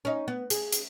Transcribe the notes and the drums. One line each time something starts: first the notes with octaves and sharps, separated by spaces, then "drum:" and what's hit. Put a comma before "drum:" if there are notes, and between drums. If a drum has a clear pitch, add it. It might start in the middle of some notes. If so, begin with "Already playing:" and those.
C#4 D#4
B3
G#4, drum: hi-hat
drum: hi-hat